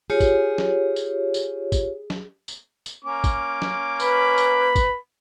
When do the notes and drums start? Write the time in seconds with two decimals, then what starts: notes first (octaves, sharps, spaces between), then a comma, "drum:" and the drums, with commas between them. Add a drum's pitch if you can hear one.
0.10 F4 G4 G#4 C#5
0.20 drum: kick, tambourine
0.58 drum: snare
0.96 drum: tambourine
1.34 drum: tambourine
1.72 drum: kick, tambourine
2.10 drum: snare
2.48 drum: tambourine
2.86 drum: tambourine
3.04 A#3 C#4 D6
3.24 drum: kick, tambourine
3.62 drum: snare
4.00 B4 B5, drum: tambourine
4.38 drum: tambourine
4.76 drum: kick, tambourine